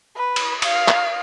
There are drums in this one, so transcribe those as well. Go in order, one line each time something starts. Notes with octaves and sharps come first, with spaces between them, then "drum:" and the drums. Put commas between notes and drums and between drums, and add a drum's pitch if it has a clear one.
B4
drum: cymbal
F5, drum: cymbal
drum: clap